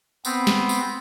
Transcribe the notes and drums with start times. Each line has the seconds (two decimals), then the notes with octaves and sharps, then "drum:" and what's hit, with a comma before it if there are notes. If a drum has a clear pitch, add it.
0.25 B3 C4, drum: tambourine
0.47 drum: snare
0.69 drum: tambourine